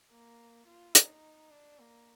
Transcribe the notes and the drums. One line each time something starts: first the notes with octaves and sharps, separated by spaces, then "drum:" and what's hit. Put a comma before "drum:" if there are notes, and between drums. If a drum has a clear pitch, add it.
A#3
F4
D#4, drum: hi-hat
D4
A#3